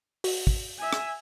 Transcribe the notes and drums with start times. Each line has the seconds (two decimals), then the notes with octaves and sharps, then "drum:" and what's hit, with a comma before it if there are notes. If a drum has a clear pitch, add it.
0.24 F#4, drum: open hi-hat
0.47 drum: kick
0.78 E5 G#5
0.93 drum: rim click